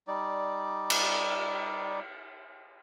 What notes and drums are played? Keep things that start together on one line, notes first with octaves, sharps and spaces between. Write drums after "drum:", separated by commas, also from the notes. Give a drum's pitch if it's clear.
G3 D#4 D5
drum: cymbal